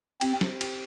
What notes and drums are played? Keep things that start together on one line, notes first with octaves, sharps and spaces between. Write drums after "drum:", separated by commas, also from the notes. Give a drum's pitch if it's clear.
C4 G4, drum: cymbal
C4, drum: snare
G4, drum: cymbal